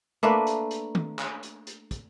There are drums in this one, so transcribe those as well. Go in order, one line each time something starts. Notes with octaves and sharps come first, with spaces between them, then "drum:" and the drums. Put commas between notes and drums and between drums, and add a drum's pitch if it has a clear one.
A3 A#3 D4 B4
drum: hi-hat
drum: hi-hat
drum: tom D#3
drum: clap
drum: hi-hat
drum: hi-hat
drum: kick, hi-hat